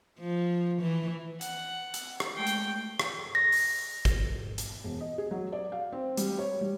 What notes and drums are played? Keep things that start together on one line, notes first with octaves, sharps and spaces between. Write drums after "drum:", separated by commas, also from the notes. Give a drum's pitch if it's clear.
F3
E3
F#5, drum: hi-hat
drum: hi-hat
drum: rim click
G#3 A3 A#4 G5
drum: hi-hat
drum: rim click
A#6
drum: open hi-hat
drum: kick, hi-hat
drum: hi-hat
E1
D#5
G#4
F#3
D5
F5
C4
G3, drum: hi-hat
C#5
G3